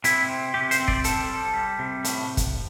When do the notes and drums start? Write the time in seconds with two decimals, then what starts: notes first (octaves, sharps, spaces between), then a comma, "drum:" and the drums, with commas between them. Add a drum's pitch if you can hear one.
0.04 C3 E4, drum: hi-hat
0.29 C4
0.54 C3 G4
0.71 C5, drum: hi-hat
0.80 C4
0.88 D5, drum: kick
1.04 G3 A4, drum: hi-hat
1.29 G3
1.54 G3
1.79 C3
2.04 A2, drum: hi-hat
2.37 drum: kick, hi-hat